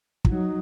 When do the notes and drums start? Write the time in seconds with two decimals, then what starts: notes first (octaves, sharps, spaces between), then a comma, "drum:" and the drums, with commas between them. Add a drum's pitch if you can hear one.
0.25 F4, drum: kick
0.29 F#3 D#4